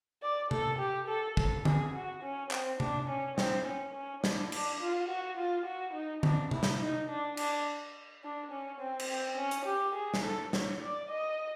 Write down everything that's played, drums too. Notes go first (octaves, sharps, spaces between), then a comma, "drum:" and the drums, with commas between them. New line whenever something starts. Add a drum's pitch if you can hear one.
D5
A4, drum: tom C3
G4
A4
A4, drum: kick
G#4, drum: tom D3
F#4
C#4
C4, drum: clap
D4, drum: tom C3
C#4
C4, drum: snare
C#4
C#4
D4, drum: snare
D4, drum: cymbal
F4
F#4
F4
F#4
D#4
D4, drum: tom D3
E4, drum: tom C3
drum: snare
D#4
D4
D4, drum: cymbal
D4
C#4
C4
drum: cymbal
C4
C#4
drum: hi-hat
G4
G#4
drum: snare
A4
C#5, drum: snare
D5
D#5